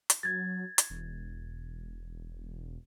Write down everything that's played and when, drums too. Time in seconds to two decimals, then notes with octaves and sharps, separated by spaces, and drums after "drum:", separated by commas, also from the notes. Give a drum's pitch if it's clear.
0.10 drum: hi-hat
0.23 F#3 G#6 A6
0.78 drum: hi-hat
0.90 E1